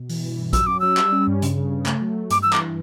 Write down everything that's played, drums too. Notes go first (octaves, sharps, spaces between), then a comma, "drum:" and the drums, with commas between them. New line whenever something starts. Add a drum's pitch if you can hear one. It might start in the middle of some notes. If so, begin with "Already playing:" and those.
Already playing: B2
E3, drum: open hi-hat
G2
G2
F#3 E6, drum: kick, hi-hat
C#4 D6
F#3 E6
G3, drum: clap
C#4
G2
C#3, drum: hi-hat
C#3
C#3
A3, drum: clap
F#3
F#3
G2 D6, drum: hi-hat
E3 E6
D6, drum: clap
E3